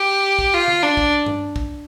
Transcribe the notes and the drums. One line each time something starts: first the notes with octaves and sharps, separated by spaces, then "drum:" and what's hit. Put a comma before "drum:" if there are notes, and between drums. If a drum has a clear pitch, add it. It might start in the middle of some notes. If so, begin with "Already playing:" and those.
Already playing: G4
drum: kick
F4
drum: tom D3
D4
drum: kick
drum: tom G2
drum: kick